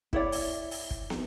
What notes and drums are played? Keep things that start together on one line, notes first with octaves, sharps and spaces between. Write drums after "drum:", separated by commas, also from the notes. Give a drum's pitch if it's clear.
E4 C#5 D5, drum: kick
drum: open hi-hat
drum: open hi-hat
drum: kick
drum: snare